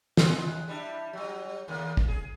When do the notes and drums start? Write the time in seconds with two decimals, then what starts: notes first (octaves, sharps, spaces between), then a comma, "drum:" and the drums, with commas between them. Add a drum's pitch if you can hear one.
0.17 D#2 C#3 G#3, drum: snare
0.68 G3 D4 E4
1.13 F#3 G3
1.68 D#2 C#3 A#3
1.97 drum: kick
2.08 G#4